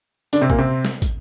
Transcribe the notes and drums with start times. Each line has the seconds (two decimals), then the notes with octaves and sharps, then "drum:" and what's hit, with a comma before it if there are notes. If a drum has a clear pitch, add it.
0.33 D3 D4, drum: tambourine
0.41 C3 C4
0.50 A#2 A#3, drum: kick
0.58 C3 C4
0.85 drum: snare
1.02 drum: kick, tambourine